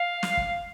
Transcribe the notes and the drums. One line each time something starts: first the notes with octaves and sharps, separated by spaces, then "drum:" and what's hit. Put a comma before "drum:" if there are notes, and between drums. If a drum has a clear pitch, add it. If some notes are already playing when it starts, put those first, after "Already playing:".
Already playing: F5
drum: snare
drum: kick